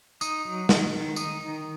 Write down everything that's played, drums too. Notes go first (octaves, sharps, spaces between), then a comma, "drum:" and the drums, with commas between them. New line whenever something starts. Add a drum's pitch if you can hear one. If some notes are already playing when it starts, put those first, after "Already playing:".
D#4 D#6, drum: tambourine
F#3
D#3, drum: snare
D#3
D#4 D#6, drum: tambourine
D#3